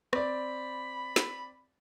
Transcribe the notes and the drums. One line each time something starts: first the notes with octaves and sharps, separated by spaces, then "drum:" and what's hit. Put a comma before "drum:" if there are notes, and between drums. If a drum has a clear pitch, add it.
C4 D5 B5, drum: rim click
drum: snare